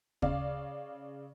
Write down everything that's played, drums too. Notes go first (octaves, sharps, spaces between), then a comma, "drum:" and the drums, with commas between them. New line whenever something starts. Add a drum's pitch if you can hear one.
C#3 D5 F5, drum: kick